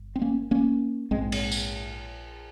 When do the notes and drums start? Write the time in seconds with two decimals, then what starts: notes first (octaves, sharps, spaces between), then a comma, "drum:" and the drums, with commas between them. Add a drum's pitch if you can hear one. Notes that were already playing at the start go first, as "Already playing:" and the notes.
Already playing: G1
0.16 C4
0.22 A#3 C#4
0.51 A#3 C#4
1.11 A#1 G#2 G#3 C4
1.32 drum: cymbal
1.52 drum: tambourine